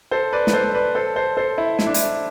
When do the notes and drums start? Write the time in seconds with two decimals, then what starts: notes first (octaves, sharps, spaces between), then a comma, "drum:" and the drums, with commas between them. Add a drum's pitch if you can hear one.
0.11 A4 C5
0.33 B4 D5
0.47 B4, drum: snare
0.53 A4 C5
0.75 B4 D5
0.95 A4 C5
1.16 A4 C5
1.37 A4 C5
1.58 E4
1.79 E4, drum: snare
1.87 D4
1.94 E4, drum: hi-hat